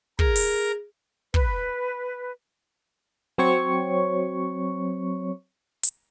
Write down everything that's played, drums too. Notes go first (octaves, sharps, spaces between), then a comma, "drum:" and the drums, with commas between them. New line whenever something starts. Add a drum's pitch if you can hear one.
G#4 A#4, drum: kick
drum: open hi-hat
B4, drum: kick
F#3 C4 C#5 C#6
drum: hi-hat